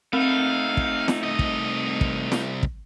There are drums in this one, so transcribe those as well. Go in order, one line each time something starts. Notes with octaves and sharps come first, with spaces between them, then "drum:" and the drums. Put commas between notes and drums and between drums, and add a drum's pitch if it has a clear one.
A3 C4 D#4 F5
drum: kick
drum: snare
C2 D#5
drum: kick
drum: kick
drum: snare
drum: kick